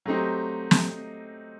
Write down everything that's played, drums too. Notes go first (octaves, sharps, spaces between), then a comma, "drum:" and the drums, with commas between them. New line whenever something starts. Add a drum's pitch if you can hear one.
F#3 A3 C4 D#4 G4
drum: snare